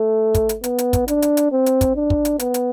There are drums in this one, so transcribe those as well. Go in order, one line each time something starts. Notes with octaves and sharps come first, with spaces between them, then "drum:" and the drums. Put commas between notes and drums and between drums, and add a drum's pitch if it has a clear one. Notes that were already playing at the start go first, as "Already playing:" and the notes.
Already playing: A3
drum: kick, hi-hat
drum: hi-hat
B3, drum: hi-hat
drum: hi-hat
drum: kick, hi-hat
D4, drum: hi-hat
drum: hi-hat
drum: hi-hat
C4
drum: hi-hat
drum: kick, hi-hat
D4
drum: kick
drum: hi-hat
B3, drum: hi-hat
drum: hi-hat